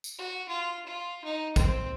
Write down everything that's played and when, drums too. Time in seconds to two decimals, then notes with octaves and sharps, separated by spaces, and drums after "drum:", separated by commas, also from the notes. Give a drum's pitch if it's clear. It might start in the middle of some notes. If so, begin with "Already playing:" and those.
0.04 drum: tambourine
0.18 F#4
0.49 F4
0.87 F4
1.25 D#4
1.56 C4, drum: kick A1, tambourine